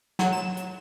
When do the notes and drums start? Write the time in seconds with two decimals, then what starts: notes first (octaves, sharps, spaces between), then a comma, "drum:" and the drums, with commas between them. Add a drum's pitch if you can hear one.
0.19 F#3, drum: snare
0.32 E7
0.57 drum: hi-hat